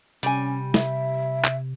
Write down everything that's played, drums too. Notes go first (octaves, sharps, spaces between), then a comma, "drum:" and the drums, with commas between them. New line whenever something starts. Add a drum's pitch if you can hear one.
C3 G3 C#4 G#5, drum: hi-hat
E5, drum: snare
drum: clap